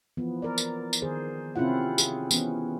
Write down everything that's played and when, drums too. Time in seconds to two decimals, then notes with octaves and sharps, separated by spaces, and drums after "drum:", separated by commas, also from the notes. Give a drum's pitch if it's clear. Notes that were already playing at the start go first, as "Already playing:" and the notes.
0.17 E3 F3 B3
0.42 A#4 D5
0.58 drum: tambourine
0.93 drum: tambourine
1.02 D#3 G#4 C5
1.56 C3 C4 C#4 E4 F4 F#5
1.98 G#4, drum: tambourine
2.31 E3 B3 C#4, drum: tambourine